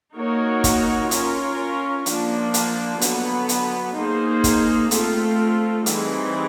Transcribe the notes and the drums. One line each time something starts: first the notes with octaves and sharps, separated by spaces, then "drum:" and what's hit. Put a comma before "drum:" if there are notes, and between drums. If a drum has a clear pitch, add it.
A#3 D#4 F#4 A#4 C#5
drum: kick, hi-hat
C#4 F4 A#4 C#5, drum: hi-hat
F3 A#3 D4, drum: hi-hat
drum: hi-hat
D3 F#3 B3, drum: hi-hat
drum: hi-hat
A#3 D#4 G#4 C5
drum: kick, hi-hat
A3 C4 F4, drum: hi-hat
E3 G3 C4 D#4 G#4, drum: hi-hat